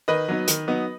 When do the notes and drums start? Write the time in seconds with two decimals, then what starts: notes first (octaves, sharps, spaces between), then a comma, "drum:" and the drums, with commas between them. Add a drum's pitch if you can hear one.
0.08 D#3 B4 D#5
0.28 F#3 B3 D#4
0.48 D#3, drum: hi-hat
0.67 F#3 B3 D#4